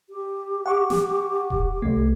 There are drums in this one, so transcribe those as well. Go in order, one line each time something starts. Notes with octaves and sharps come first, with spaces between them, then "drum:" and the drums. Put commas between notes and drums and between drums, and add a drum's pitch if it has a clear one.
G4
F#5 C#6 D6
drum: snare
drum: kick D#1
C2 A3